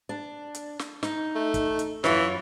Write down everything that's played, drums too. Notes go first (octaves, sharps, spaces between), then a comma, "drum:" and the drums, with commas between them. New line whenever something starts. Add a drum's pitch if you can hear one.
D4
drum: hi-hat
drum: snare
D#4, drum: snare
A3
drum: kick, hi-hat
drum: hi-hat
F#2 E3 F4 C#5, drum: snare